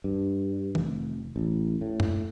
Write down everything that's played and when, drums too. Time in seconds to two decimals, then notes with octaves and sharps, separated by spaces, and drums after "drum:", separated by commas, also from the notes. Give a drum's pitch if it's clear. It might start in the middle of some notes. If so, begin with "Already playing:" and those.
0.04 G2
0.75 F1, drum: tom D#3
1.36 A1
1.81 A2
2.00 drum: tom F#2